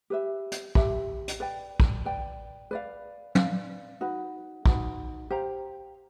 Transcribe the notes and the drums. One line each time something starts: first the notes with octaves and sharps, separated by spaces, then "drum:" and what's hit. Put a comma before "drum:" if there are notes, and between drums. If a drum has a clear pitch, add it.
G4 B4 E5
drum: hi-hat
G4 B4 E5, drum: kick
drum: hi-hat
B4 D5 G5
drum: kick
B4 D5 G5
B4 D5 F5
B4 D5 F5, drum: tom
D#4 F#4 B4
D#4 F#4 B4, drum: kick
G4 C5 F5 A#5